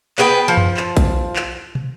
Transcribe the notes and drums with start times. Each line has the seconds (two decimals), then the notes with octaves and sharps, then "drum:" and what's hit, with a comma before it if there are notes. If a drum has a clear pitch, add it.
0.18 B3 G#4 B4 G5, drum: clap
0.48 F3
0.57 drum: tom F2
0.77 drum: clap
0.97 drum: kick A#1, hi-hat
1.36 drum: clap
1.75 drum: tom